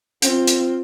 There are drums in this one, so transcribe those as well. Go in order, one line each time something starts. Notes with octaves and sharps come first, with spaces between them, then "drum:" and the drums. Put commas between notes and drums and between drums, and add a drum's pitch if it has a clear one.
C4 F4, drum: hi-hat
drum: hi-hat